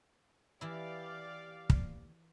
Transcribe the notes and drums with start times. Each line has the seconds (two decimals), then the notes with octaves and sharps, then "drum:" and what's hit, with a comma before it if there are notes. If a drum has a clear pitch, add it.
0.61 E3 E4 G4 D5 F5
1.70 drum: kick